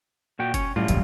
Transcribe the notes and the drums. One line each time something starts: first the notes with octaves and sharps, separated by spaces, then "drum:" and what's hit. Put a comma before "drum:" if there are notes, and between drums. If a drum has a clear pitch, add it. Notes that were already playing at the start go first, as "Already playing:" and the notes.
A#2 F#4 G5
C#4 C#5, drum: kick F#1, hi-hat
F#2 A2 G3 F4
F1 A#1 D#2, drum: hi-hat